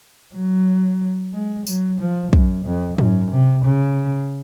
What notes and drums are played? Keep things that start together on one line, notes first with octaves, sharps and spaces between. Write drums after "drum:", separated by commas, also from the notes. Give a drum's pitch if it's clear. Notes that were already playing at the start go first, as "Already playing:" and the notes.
F#3
G#3
F#3, drum: tambourine
F3
F#2, drum: kick
F2
F#2, drum: tom G#2
C3
C#3